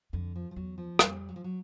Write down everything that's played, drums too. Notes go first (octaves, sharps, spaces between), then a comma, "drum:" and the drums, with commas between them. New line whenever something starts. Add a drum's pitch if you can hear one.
F2 D3
F3
F3
E2 F#3
F3
F2 G3, drum: rim click
F#3
F3
F#3